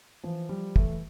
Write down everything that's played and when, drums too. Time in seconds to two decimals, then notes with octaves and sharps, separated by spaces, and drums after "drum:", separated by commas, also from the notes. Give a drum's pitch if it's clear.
0.23 E3 F3
0.49 F3 G3
0.76 E3 A3, drum: kick